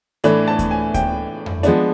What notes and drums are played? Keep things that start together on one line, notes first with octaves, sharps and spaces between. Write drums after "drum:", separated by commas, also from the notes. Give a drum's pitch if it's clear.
A2 E3 A3 D4 B5, drum: hi-hat
A5
drum: kick D2, hi-hat
G#5
G5, drum: kick D2, hi-hat
drum: tom F2
F3 G#3 B3 D4, drum: hi-hat